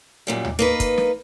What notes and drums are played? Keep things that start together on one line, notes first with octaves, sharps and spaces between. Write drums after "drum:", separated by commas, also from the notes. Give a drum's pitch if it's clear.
F#2 A#2 G3
drum: tom
A#3 D#4 B4
drum: kick, hi-hat
drum: snare